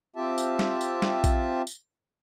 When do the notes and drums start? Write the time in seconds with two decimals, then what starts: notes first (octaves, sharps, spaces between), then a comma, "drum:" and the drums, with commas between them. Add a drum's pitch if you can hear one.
0.16 C4 F4 G4 E5 A5
0.38 drum: tambourine
0.59 drum: snare
0.81 drum: tambourine
1.02 drum: snare
1.24 drum: kick A#1, tambourine
1.67 drum: tambourine